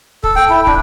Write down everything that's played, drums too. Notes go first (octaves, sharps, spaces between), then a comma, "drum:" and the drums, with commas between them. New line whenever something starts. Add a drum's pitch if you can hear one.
A4, drum: kick
G5
E4
D4, drum: kick